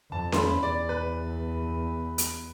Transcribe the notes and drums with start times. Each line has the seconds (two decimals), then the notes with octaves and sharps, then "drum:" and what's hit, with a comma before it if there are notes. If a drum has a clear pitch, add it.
0.12 F2 A5
0.32 C6, drum: snare C#4
0.38 B5
0.51 E2
0.63 D5
0.89 B4
2.18 drum: hi-hat